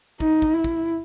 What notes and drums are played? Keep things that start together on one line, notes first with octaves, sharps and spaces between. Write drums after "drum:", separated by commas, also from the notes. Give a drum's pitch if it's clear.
D#4, drum: kick
drum: kick
E4
drum: kick